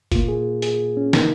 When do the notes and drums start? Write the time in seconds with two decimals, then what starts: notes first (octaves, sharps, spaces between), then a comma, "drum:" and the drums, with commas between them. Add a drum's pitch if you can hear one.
0.12 A#2 A#3 F4, drum: kick F#1, hi-hat
0.28 G#4
0.62 G#4, drum: hi-hat
0.97 C#4
1.13 C#3 A#3 D#4, drum: snare